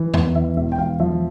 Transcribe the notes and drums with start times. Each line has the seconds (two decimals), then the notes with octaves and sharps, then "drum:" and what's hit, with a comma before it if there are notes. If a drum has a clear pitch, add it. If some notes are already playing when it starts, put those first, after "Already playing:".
Already playing: E3
0.14 E2 E5, drum: tom E2
0.35 E3 E5
0.57 E1 E5
0.72 G5
0.78 E1 F5
1.00 F3 E5